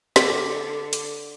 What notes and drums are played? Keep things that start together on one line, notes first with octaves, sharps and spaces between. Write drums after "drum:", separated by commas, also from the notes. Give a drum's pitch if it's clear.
D3, drum: snare
drum: hi-hat